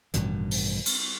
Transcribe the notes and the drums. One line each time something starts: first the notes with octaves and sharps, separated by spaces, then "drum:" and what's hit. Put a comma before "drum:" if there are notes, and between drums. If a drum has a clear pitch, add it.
A1 G2 B2 D#3, drum: hi-hat
drum: open hi-hat
drum: cymbal